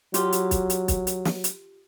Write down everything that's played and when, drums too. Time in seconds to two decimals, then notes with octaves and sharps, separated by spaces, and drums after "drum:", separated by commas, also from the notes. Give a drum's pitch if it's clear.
0.14 F#3 F4 G4, drum: hi-hat
0.32 drum: hi-hat
0.51 drum: kick, hi-hat
0.70 drum: hi-hat
0.88 drum: kick, hi-hat
1.07 drum: hi-hat
1.25 drum: snare
1.44 drum: hi-hat